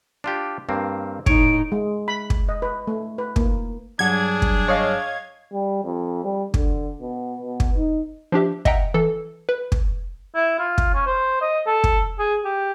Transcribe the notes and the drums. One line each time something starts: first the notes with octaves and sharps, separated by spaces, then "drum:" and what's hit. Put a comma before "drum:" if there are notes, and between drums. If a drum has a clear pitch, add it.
D4 F4 G4
G2 A#3 C4
A2 D#4 C#5 D7, drum: kick
G#3
B5
drum: kick
D#5
B4
A3
B4
A#3, drum: kick
G2 F#3 D4 G#4 F#5 G#6
drum: kick
C#5 D#5 F5
G3
F2
G3
D3, drum: kick
B2
B2
drum: kick
D#4
F3 D4 G4 E5
D#5 E5 F#5 G5 A#5, drum: kick
E3 A4
B4
drum: kick
E4
F4
drum: kick
C#4
C5
D#5
A4
drum: kick
G#4
G4